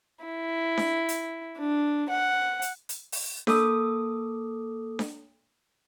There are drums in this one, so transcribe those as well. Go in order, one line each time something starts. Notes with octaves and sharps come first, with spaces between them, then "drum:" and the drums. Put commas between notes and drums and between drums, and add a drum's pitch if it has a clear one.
E4
drum: snare D4
drum: hi-hat
D4
F#5
drum: hi-hat
drum: hi-hat
drum: open hi-hat
A#3 A4 D6 D#6, drum: snare D4
drum: snare D4